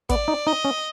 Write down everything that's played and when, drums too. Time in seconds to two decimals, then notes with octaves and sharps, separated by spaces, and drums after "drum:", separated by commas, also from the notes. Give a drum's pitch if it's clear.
0.09 B3 D5, drum: kick, hi-hat
0.28 D#4
0.47 D#4 D#5
0.65 C#4